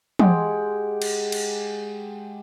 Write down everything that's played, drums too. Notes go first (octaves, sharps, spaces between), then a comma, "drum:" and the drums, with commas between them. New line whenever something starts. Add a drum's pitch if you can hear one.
G#3 G4 F#5, drum: tom
drum: cymbal
drum: cymbal